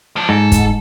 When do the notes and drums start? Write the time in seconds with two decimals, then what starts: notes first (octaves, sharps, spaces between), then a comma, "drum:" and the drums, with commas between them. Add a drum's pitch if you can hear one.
0.16 F3 D4
0.29 G#2 A4
0.52 drum: kick, hi-hat